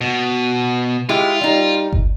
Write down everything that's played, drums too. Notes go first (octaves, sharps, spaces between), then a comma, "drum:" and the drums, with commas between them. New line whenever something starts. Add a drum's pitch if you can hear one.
B2
G#3 E4 F4 G4
G3 D#4
drum: kick G1